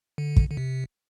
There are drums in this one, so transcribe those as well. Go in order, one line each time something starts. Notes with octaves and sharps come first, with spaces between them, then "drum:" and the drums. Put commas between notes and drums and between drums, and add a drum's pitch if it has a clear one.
D3
drum: kick
D3
C3